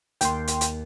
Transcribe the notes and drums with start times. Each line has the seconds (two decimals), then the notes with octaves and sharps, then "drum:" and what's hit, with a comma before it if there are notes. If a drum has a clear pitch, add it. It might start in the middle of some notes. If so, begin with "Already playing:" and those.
0.21 D#2 G5 C6, drum: hi-hat
0.47 drum: hi-hat
0.61 drum: hi-hat